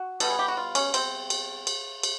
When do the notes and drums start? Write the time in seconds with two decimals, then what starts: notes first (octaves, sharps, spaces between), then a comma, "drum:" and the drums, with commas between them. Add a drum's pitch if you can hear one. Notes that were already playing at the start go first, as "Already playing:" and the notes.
Already playing: F#4
0.20 B2 G3 B3 A4, drum: cymbal
0.30 G#4
0.39 G4
0.48 F#4
0.57 F4
0.75 C#4, drum: cymbal
0.94 C4, drum: cymbal
1.30 drum: cymbal
1.67 drum: cymbal
2.03 drum: cymbal